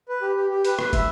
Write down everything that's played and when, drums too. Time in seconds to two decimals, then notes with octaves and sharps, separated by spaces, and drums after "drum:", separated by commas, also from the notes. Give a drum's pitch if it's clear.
0.09 B4
0.22 G4
0.36 G4
0.50 G4
0.65 B4, drum: hi-hat
0.79 B4, drum: rim click
0.93 E5, drum: kick, hi-hat